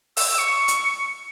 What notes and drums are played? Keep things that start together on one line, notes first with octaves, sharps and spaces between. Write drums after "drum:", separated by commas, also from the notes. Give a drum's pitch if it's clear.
E6, drum: open hi-hat
E6
C#6
drum: hi-hat